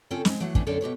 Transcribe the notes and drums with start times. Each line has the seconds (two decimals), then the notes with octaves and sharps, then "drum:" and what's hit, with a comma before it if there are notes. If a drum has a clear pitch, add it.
0.11 C#3 C4 C#4 F4 A4 G5
0.25 G#3 C4, drum: snare
0.40 E3 F#3 A3 F#5
0.55 E3 G3 A3 C#4 D4, drum: kick
0.67 F#2 D3 C#4 A4 D5 G5
0.81 B2 G4 B4 C#5